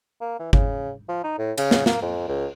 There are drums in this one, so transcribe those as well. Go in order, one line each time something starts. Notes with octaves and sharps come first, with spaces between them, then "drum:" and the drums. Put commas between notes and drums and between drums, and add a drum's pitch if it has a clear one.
A#3
E3
C#3, drum: kick G1
F3
D#4
A2
C#3, drum: cymbal
drum: snare
A#3, drum: snare
F2
C#2